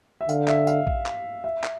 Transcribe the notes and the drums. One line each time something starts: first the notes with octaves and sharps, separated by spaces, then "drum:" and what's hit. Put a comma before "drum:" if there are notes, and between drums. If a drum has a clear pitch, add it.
E5
D3 F5, drum: tambourine
E5, drum: clap
F5, drum: tambourine
drum: kick A#1
drum: clap
E5
drum: clap